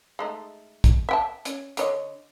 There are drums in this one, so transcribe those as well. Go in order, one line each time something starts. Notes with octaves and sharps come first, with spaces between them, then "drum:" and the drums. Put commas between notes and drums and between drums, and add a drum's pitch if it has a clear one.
G#3 A3 D#4
drum: kick, hi-hat
E5 G5 A5
C#4, drum: hi-hat
D3 C#5 D#5, drum: hi-hat